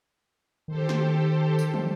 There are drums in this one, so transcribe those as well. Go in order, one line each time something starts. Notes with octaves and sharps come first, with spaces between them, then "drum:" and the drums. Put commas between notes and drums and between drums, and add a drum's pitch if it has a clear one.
D#3 G4 A4 C5
drum: snare
drum: tambourine
drum: tom